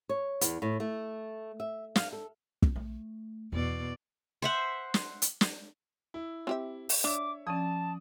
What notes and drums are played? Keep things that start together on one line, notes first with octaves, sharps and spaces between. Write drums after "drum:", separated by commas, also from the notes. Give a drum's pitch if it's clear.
C#5
E2, drum: hi-hat
A2
A3
E5
F5, drum: snare
A4
drum: kick
A3
E2 B2 D5
C5 E5 F#5
drum: snare
drum: hi-hat
drum: snare
E4
C4 G4 E5
drum: open hi-hat
D4 C#5 E5 D6
F3 C#4 D5 A5 D#6